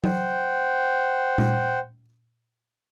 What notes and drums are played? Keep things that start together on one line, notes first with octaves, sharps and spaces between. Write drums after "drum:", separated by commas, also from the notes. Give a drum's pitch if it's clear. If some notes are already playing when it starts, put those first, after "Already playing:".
C5 F#5 G5, drum: tom F#3
drum: tom A#2